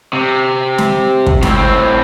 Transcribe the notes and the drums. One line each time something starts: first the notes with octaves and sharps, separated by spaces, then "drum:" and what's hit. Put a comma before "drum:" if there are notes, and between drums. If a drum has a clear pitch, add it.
C3
drum: snare
drum: kick
A2 C4, drum: snare